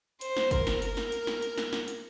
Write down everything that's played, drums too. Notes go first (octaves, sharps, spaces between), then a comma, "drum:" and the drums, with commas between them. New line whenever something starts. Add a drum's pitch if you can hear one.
C5, drum: hi-hat
drum: snare
A#4, drum: kick, hi-hat
drum: snare
A#4, drum: hi-hat
drum: snare
drum: hi-hat
drum: snare
drum: hi-hat
drum: snare
drum: snare
drum: hi-hat